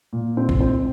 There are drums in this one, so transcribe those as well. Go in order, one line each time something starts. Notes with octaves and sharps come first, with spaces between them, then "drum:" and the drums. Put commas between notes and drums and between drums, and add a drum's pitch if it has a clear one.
A#2
C4
drum: kick A#1
C4